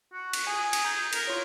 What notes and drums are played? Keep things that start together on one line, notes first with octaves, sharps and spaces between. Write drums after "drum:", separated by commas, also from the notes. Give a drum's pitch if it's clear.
F#4
drum: cymbal
G#4 G#5
drum: cymbal
A#5 G6
A#4, drum: cymbal
F4 C#5